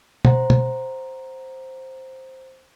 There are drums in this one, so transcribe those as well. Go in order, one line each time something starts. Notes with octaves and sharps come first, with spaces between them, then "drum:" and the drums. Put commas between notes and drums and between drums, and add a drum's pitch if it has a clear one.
C5 F#5 A#5, drum: tom
drum: tom